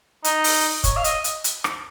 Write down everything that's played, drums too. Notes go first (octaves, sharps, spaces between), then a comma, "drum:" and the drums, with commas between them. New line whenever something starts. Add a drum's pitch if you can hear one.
D#4, drum: hi-hat
drum: open hi-hat
C#5, drum: kick, hi-hat
F5
D#5, drum: hi-hat
drum: hi-hat
drum: hi-hat
drum: rim click